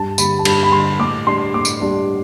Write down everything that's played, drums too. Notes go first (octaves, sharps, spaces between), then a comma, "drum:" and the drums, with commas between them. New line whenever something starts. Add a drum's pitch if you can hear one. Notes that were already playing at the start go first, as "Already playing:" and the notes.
Already playing: G2 A5
D3 G3 B5, drum: tambourine
A5
G2 B5, drum: cymbal
B5
D3 G3 C6
A2 D6
G3 D4 C6
A2 D6
drum: tambourine
G3 D4